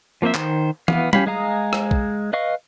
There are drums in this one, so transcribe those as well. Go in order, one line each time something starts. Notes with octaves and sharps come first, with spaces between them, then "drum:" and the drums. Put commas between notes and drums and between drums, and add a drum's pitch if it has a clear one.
F3 A#3 C4 C5 E5
D#3 C5, drum: clap
E3 B3 F5, drum: tom E3
C#4 G4 C#5 F5 B5, drum: tom G3
G#3 G#4 F5 A#5 D#6
drum: rim click
drum: kick
B4 D#5 F5 C#6